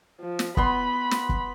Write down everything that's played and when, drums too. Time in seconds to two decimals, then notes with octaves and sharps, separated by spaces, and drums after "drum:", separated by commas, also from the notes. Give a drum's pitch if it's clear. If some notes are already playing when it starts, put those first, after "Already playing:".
0.20 F3
0.39 drum: snare
0.57 B3 B5 C6, drum: kick
1.11 drum: snare
1.29 drum: kick